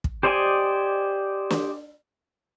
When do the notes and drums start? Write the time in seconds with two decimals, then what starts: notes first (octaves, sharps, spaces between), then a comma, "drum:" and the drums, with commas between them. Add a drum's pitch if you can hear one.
0.04 drum: kick
0.23 G4 C5 D5 D#5 G#5
1.50 drum: snare